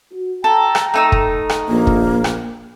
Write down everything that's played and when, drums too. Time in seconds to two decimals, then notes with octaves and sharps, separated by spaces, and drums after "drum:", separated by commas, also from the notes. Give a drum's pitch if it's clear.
0.12 F#4
0.44 A4 G5 A#5
0.75 drum: rim click
0.94 A3 D#4 E6
1.12 drum: kick
1.49 drum: rim click
1.68 A#1 A#3
1.87 drum: kick
2.24 drum: rim click